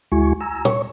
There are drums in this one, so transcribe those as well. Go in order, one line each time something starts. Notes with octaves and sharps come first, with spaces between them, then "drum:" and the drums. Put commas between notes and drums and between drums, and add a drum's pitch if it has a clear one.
D2 G#3 E4 F#4 G#5 C#6
G#5 A#5 E6
C#5 C#6, drum: tom